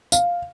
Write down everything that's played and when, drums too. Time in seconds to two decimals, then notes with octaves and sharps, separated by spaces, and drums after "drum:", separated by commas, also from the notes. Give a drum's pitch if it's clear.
0.12 F5, drum: tambourine